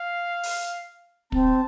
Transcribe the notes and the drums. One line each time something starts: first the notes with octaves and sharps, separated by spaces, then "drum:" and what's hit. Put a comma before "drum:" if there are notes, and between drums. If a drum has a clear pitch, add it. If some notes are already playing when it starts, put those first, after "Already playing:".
Already playing: F5
drum: open hi-hat
C4 A5, drum: kick